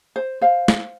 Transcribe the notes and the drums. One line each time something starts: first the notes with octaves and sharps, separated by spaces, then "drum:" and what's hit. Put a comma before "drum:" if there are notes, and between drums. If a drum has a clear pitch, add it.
C5
C5 F5
drum: snare